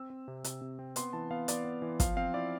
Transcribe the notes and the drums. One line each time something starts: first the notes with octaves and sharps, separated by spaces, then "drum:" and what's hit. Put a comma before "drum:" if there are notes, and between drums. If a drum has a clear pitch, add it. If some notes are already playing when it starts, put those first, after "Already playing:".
Already playing: C4 E6
C4
C3
C3, drum: hi-hat
C3
C4
B3 C6, drum: hi-hat
E3 A5
B3 F5
B3 D5, drum: hi-hat
B3
E3
F3 F5, drum: kick, hi-hat
C4 F5
E4 D5